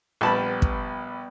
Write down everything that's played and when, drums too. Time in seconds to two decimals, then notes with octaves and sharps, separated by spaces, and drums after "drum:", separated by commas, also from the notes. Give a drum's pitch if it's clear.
0.21 A#1 G3 B3 G5 A5 B5
0.62 drum: kick